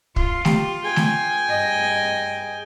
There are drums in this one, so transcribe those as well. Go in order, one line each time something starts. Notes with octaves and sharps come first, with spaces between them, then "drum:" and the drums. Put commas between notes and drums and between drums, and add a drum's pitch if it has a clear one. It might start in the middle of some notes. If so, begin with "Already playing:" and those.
F4, drum: kick
G4, drum: snare A3
G#4 G5 G#5
drum: snare A3
G2 D#5